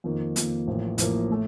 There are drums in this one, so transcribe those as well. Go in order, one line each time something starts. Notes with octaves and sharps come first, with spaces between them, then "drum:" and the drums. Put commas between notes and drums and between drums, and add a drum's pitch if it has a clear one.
F2 D#3 A#3
F2 D#3 A#3, drum: hi-hat
A1 A2 F3 A#3
A1 A2 F3 A#3, drum: hi-hat
A2 A3